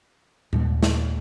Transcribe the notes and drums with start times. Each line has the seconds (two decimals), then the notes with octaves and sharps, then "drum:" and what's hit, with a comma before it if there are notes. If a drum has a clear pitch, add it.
0.53 D#2 A#2 G3, drum: tom
0.83 drum: snare